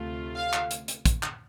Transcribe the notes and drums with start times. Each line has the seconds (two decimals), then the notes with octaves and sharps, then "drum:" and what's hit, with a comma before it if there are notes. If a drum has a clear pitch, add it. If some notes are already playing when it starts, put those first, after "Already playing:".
Already playing: D2 C3 A3 F4
0.36 F5
0.53 drum: clap
0.71 drum: hi-hat
0.88 drum: hi-hat
1.06 drum: kick, hi-hat
1.23 drum: clap